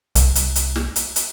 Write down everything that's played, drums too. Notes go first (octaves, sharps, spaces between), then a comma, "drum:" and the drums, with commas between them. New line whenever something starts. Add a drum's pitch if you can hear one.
C2, drum: hi-hat
drum: hi-hat
drum: hi-hat
drum: snare
drum: hi-hat
drum: hi-hat